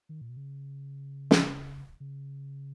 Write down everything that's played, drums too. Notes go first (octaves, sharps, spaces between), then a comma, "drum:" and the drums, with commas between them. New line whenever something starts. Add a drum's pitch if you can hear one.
D#3
A#2
B2
C#3
drum: snare
C#3